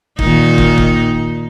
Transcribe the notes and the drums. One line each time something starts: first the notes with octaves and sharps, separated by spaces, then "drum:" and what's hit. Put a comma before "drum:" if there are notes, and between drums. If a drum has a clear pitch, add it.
A#2 D#3 D#4, drum: kick
drum: kick
drum: kick